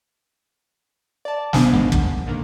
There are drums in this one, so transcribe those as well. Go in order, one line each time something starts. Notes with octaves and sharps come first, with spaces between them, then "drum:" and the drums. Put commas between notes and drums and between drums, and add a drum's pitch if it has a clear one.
D5 A5
B3 D4 C5 G#5, drum: snare
A1 G#2 D#3 F3 G#3 F#5
D#2, drum: kick
A#2 D3 D#3 A#3